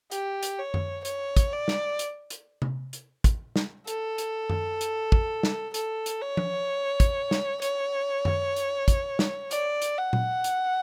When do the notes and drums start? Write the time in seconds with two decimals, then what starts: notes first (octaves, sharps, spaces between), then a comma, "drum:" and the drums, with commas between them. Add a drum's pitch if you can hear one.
0.12 G4, drum: hi-hat
0.43 drum: hi-hat
0.59 C#5
0.74 drum: tom F#2
1.05 C#5, drum: hi-hat
1.37 drum: kick, hi-hat
1.53 D5
1.68 drum: snare
1.99 drum: hi-hat
2.30 drum: hi-hat
2.62 drum: tom C3
2.93 drum: hi-hat
3.24 drum: kick, hi-hat
3.56 drum: snare
3.87 A4, drum: hi-hat
4.18 drum: hi-hat
4.50 drum: tom F#2
4.81 drum: hi-hat
5.12 drum: kick
5.43 drum: snare
5.74 A4, drum: hi-hat
6.06 drum: hi-hat
6.22 C#5
6.37 drum: tom F3
7.00 drum: kick, hi-hat
7.31 drum: snare
7.62 C#5, drum: hi-hat
8.25 drum: tom F#2
8.56 drum: hi-hat
8.88 drum: kick, hi-hat
9.19 drum: snare
9.51 D5, drum: hi-hat
9.82 drum: hi-hat
9.98 F#5
10.13 drum: tom A#2
10.44 drum: hi-hat